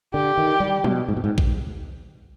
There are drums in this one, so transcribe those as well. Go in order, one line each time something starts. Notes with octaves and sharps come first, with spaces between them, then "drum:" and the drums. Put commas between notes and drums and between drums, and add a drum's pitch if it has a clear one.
D3 G4
D#3
G3
B2, drum: tom F3
G#2
B2
G#2
drum: kick A#1